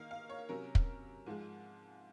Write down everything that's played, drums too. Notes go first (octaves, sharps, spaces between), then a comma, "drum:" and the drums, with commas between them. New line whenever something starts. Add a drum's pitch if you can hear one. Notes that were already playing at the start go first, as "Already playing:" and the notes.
Already playing: D#3 A#3 D#4 F5
F5
C#5
C3 F#3 C#4 A#4
drum: kick
G#2 F3 G#3